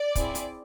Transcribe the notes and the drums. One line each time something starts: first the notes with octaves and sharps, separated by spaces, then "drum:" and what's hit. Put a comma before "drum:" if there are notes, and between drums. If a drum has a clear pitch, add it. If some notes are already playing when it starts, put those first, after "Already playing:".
Already playing: D5
C4 E4 G#4, drum: kick, hi-hat
drum: hi-hat